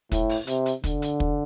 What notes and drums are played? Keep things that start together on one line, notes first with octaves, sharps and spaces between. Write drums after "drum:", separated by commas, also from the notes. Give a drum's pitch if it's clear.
A2, drum: kick, hi-hat
drum: open hi-hat
C3, drum: hi-hat
drum: hi-hat
D3, drum: kick, hi-hat
drum: hi-hat
drum: kick